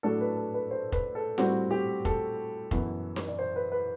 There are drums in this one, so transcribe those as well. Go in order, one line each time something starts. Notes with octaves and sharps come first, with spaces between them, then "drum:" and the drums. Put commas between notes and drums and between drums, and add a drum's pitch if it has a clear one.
A2 F#3 A3 D4 A4
B4
A4
B4
C5
B4, drum: kick F1
A4
A2 G3 C4 F#4, drum: snare D#4
G4
A4, drum: kick F1
F#2 E3 B3, drum: kick F1
drum: snare D#4
D5
C5
B4
B4